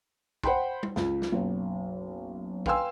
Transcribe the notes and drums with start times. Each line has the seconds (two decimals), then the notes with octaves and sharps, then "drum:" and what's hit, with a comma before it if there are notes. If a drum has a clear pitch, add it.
0.43 C5 F#5 G5 B5 C6, drum: kick
0.83 drum: tom
0.96 C#2, drum: snare
1.22 drum: snare
1.32 F#1 B1
2.66 B4 F5 G5 G#5 C6 E6, drum: kick